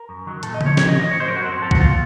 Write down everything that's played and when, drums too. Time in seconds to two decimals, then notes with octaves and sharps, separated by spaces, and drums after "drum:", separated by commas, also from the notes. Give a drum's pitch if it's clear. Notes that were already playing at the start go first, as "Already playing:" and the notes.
Already playing: A#4
0.09 F#2
0.27 D#3 F#3
0.43 A#2 A4, drum: hi-hat
0.54 D#5
0.61 F3, drum: tom C#3
0.66 C#5
0.77 A#2 C#5, drum: snare
0.89 D#5
0.95 F3
1.00 D#5
1.12 A2 C#5
1.20 C5
1.28 F#3 A#4
1.37 F#4
1.45 F#2 C4
1.62 F3 A4
1.71 F#4, drum: kick
1.80 A#2 F4